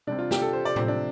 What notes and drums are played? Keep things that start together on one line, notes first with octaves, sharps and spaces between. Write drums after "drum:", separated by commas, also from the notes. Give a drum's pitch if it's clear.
C3 G3 C4 D4
F4
G4, drum: snare
A4
C5
D5
C3 F3 A3 C4, drum: tom A2
D4